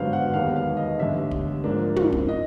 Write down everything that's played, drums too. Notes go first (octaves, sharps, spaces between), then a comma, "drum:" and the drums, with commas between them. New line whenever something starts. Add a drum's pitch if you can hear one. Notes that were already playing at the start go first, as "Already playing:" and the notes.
Already playing: G#1 G2 D3 F#3 B3 C5 F5
F#5
E1 D#2 D#3 G3 B3 F5
F5
D#5
A1 G2 D3 E5
drum: kick
G#2 F3 A#3 D4
drum: tom
drum: kick
D#5